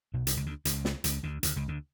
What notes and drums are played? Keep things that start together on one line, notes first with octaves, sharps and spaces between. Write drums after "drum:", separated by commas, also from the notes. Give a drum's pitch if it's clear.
B1 B2
C2 C3, drum: hi-hat
C#2 C#3
D2 D3
C#2 C#3, drum: hi-hat
drum: snare
C#2 C#3, drum: hi-hat
D2 D3
D2 D3, drum: hi-hat
C#2 C#3
D2 D3